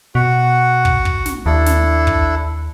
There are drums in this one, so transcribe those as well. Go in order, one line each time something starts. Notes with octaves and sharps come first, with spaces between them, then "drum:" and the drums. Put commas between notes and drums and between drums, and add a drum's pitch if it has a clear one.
B2 F#4 F#5
drum: kick
drum: kick
drum: snare
D#2 D4 E4 A4
drum: snare
drum: kick